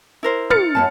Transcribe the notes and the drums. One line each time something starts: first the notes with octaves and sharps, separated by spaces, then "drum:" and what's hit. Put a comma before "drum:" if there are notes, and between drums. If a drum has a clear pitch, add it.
E4 A#4 C5
F6 A6 C#7, drum: tom
F#2 A3 A5